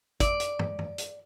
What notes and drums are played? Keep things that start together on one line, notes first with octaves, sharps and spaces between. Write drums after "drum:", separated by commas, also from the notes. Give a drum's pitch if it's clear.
D5, drum: kick, hi-hat
drum: hi-hat
drum: tom
drum: tom
drum: hi-hat